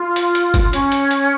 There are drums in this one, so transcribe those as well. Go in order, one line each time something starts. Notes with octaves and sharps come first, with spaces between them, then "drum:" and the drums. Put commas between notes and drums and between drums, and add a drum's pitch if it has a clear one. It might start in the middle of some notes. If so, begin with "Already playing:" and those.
Already playing: F4
drum: hi-hat
drum: hi-hat
drum: kick, hi-hat
C#4, drum: hi-hat
drum: hi-hat
drum: hi-hat